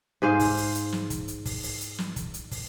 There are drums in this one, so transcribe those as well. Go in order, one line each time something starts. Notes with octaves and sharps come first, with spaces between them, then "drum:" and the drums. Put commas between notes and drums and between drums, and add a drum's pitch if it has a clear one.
G#2 G#4 C5 F5
drum: kick, open hi-hat
drum: open hi-hat
drum: hi-hat
drum: snare
drum: kick, hi-hat
drum: hi-hat
drum: kick, open hi-hat
drum: open hi-hat
drum: hi-hat
drum: snare
drum: kick, hi-hat
drum: hi-hat
drum: kick, open hi-hat